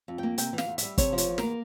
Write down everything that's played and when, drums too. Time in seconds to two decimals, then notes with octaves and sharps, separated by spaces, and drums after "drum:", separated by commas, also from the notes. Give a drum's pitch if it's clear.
0.08 F2
0.18 A#3 G5
0.38 C3 G5, drum: hi-hat
0.53 E3
0.58 F5, drum: snare
0.68 E2
0.78 G3 E5, drum: hi-hat
0.98 C3 C#5, drum: kick, hi-hat
1.13 F3
1.18 C#5, drum: hi-hat
1.28 E2
1.38 A#3 A#4, drum: snare